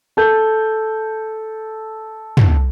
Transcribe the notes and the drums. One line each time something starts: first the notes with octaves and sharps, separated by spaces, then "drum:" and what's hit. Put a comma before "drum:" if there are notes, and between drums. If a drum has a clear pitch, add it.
A4 G6
drum: tom